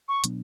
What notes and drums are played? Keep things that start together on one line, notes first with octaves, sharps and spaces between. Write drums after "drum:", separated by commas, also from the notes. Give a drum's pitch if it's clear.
C#6
B2 F#3 B3 D4, drum: hi-hat